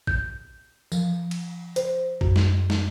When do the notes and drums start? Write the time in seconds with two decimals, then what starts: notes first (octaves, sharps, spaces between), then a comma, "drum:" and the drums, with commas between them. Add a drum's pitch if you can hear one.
0.07 G6, drum: kick
0.92 F3, drum: tambourine
1.31 drum: cymbal
1.76 C5, drum: hi-hat
2.21 F#2, drum: kick
2.36 drum: snare
2.70 drum: snare